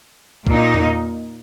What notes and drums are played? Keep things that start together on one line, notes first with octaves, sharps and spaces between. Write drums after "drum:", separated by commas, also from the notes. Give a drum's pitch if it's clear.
A#2 A#3 D#4, drum: kick
drum: tom E2